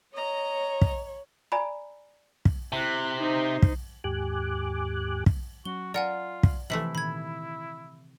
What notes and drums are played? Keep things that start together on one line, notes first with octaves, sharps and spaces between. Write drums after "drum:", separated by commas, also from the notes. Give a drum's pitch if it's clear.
C#5 D#5 A#5
drum: kick
D5 G#5 A#5 B5
drum: kick
C3 E4 F#6
D#4 C5
drum: kick
D#2 G#2 G4 G#5 D6 F#6
drum: kick
F#3 C#4 F#4 G7
F4 A#4 D5 F#5 G#5
drum: kick
C3 E3 F3 A3 E4 B6 F#7
A#2 D#3 B5 G#6